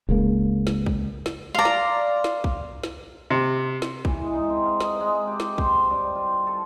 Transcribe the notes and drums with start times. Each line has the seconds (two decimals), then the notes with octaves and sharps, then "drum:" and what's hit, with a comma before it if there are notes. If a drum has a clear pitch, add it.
0.09 D#1 C#2 G#3 A#3
0.67 drum: snare
0.86 drum: kick
1.26 drum: snare
1.55 D5 F5 A#5 C6
1.65 drum: snare
2.24 drum: snare
2.44 drum: kick
2.84 drum: snare
3.30 C3
3.82 drum: snare
4.05 E3, drum: kick
4.21 G#3
4.33 D#4
4.50 C4
4.65 F5
4.80 D#5, drum: snare
5.00 G#3
5.27 G4
5.40 drum: snare
5.58 C5, drum: kick
5.90 G2
6.15 F4
6.47 A4